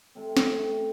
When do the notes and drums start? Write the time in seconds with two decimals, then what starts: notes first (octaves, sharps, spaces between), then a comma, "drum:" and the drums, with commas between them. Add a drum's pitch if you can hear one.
0.15 C3 A3 C4
0.37 drum: snare
0.58 C3 A3 C4